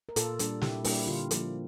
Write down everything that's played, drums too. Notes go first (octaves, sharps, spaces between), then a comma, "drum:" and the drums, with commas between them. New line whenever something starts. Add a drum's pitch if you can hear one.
A#4
A#2 F4 A4, drum: hi-hat
G3 A#3 D4, drum: hi-hat
A#2 E4 G4, drum: snare
G3 A#3 D4 E4 G4, drum: open hi-hat
D3 F4
F3 A#3, drum: hi-hat